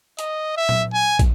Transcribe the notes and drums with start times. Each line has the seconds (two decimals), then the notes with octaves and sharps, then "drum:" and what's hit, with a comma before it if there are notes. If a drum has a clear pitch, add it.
0.19 D#5, drum: hi-hat
0.57 E5
0.69 drum: tom A#2
0.93 G#5
1.19 drum: kick, hi-hat